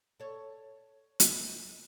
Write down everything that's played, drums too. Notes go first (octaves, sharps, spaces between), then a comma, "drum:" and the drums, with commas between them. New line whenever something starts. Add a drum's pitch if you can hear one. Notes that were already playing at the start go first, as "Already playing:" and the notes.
A4 C#5
drum: hi-hat